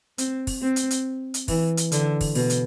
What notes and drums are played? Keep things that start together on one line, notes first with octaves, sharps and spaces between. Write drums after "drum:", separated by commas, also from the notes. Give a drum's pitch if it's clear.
C4, drum: hi-hat
drum: kick, open hi-hat
C4
drum: hi-hat
drum: hi-hat
drum: hi-hat
E3, drum: kick, open hi-hat
drum: hi-hat
D3, drum: hi-hat
drum: kick, open hi-hat
B2, drum: open hi-hat
drum: hi-hat